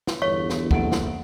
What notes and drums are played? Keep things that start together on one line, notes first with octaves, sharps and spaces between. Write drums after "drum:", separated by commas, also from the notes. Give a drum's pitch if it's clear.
drum: snare
G1 E2 C#5 F5 C#6
drum: snare
F#1 A4 F#5 D7, drum: kick
drum: snare